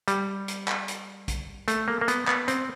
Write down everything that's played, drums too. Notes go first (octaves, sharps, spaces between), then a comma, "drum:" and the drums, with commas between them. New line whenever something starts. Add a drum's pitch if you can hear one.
G3, drum: hi-hat
drum: hi-hat
drum: clap
drum: hi-hat
drum: kick A#1, hi-hat
A3, drum: hi-hat
A#3
A#3
B3, drum: hi-hat
B3, drum: clap
C4, drum: hi-hat